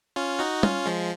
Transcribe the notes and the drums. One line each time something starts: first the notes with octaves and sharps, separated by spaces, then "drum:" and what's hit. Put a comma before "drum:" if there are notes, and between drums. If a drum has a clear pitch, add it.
C#4 F4
D#4 F#4
C#4 F4, drum: tom
F3 G#3